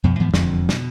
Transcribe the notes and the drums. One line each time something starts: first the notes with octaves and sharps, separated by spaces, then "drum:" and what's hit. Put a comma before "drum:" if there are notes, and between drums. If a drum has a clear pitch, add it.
F2 B2 F3
G#2 E3 F3 B3
E1 F2 D3 F3, drum: snare
B2, drum: snare